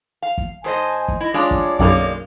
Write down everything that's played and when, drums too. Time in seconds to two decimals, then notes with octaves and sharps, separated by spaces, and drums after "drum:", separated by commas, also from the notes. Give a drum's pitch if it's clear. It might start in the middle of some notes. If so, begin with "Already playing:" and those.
0.22 F5
0.38 drum: kick
0.64 G#2 C5 D#5 G#5 A5
1.08 drum: kick
1.20 E4 D#5
1.34 G#3 D4 F4 C#5 D5 D6
1.51 drum: kick
1.79 B1 F#2 D#3 G#3 A#3